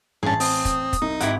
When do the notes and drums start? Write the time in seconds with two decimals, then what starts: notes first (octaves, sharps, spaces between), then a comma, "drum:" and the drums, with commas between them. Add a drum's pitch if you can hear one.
0.23 A1 G2 C#4 G#4 A5
0.40 C4 D#6, drum: open hi-hat
0.65 drum: kick, hi-hat
0.93 drum: kick, hi-hat
1.02 C2 D#4
1.20 G#1 E4 G4 F#5, drum: hi-hat